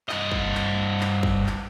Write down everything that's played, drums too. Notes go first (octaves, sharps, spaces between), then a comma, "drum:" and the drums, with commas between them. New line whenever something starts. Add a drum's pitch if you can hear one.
G2 D#5, drum: clap
drum: kick
drum: clap
drum: clap
drum: kick
drum: clap